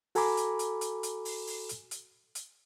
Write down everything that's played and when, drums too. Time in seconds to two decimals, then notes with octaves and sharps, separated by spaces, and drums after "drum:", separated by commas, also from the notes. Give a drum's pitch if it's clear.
0.15 F#4 A4 G#5 A#5 B5 D6, drum: open hi-hat
0.37 drum: hi-hat
0.59 drum: hi-hat
0.81 drum: hi-hat
1.03 drum: hi-hat
1.25 drum: open hi-hat
1.47 drum: open hi-hat
1.69 drum: hi-hat
1.91 drum: hi-hat
2.35 drum: hi-hat